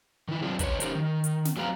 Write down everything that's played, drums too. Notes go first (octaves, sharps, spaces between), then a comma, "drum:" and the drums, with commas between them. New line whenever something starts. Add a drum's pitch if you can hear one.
D#3 E4
F#3 C4 D4 F4 G#4
D3 B4 C#5, drum: kick, hi-hat
C#4 D#4 G4 A#4 C5, drum: hi-hat
D#3
drum: hi-hat
drum: snare
F#3 C4 G#4 B4 F5 A#5